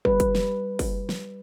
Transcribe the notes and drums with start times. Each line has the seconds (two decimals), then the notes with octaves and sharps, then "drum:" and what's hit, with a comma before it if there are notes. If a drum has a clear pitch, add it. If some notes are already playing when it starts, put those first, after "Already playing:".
0.05 G3 B4, drum: kick
0.20 drum: kick, hi-hat
0.35 drum: snare
0.79 drum: kick, open hi-hat
1.09 drum: snare